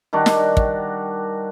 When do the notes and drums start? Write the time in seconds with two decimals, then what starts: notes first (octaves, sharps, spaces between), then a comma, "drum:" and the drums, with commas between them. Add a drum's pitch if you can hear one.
0.13 D#3 G3 D4 F#4
0.26 drum: snare
0.57 drum: kick